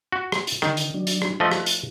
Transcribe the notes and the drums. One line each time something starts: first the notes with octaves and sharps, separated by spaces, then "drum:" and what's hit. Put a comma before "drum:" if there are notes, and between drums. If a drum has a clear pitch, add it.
F#4
drum: rim click
drum: hi-hat
D3 D#3, drum: rim click
drum: hi-hat
F#3 D4
drum: hi-hat
drum: rim click
F3 A3 D#5 F#6
drum: rim click
drum: hi-hat